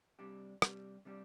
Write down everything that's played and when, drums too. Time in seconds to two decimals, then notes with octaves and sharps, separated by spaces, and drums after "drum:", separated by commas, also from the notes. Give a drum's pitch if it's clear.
0.19 C3 G3 D4 G4
0.62 C3 G3 D4 G4, drum: rim click
1.05 C3 G3 D4 G4